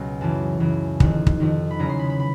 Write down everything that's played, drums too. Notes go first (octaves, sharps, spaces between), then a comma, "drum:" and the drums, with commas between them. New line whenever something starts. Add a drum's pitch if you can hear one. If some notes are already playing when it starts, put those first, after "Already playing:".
Already playing: C#2 B2 F#3
F#2 C#3 E3 A5
F#2 C#3 E3
F2 C3 D#3, drum: kick
drum: kick
F2 C3 D#3
B5
E2 C#3 F#3 A#5
C6
B5
B5
B5